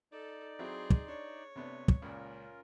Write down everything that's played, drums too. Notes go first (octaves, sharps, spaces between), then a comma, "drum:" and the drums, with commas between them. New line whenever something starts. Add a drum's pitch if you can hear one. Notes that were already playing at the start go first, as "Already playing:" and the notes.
D#4 A4 D5
F#3 C4 E4 G#4 C6
drum: kick
D4 C#5
C3 A3 B3 D4
drum: kick
C#2 A#2 C#4 F4 A#4